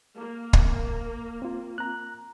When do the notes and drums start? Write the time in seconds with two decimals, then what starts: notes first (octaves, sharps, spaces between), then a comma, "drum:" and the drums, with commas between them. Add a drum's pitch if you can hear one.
0.17 A#3
0.53 drum: kick
1.42 C4 F4
1.78 A#5 F#6